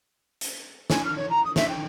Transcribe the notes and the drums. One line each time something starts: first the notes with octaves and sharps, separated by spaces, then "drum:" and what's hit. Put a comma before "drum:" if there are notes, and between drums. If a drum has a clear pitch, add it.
drum: hi-hat
G#5, drum: snare
F6
C#5
A#5
D#6
E5, drum: snare
G5